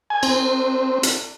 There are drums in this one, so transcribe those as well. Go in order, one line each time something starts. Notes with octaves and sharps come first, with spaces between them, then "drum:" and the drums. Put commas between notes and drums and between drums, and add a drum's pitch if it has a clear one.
G#5
C4, drum: cymbal
drum: hi-hat